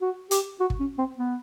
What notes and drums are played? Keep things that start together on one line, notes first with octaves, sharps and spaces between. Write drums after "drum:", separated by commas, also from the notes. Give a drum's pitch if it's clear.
F#4
G4, drum: hi-hat
F#4
drum: kick
C#4
C4
B3